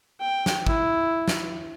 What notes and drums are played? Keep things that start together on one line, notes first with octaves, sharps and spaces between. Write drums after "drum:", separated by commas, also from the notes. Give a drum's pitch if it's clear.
G5
drum: snare
E4, drum: kick
drum: snare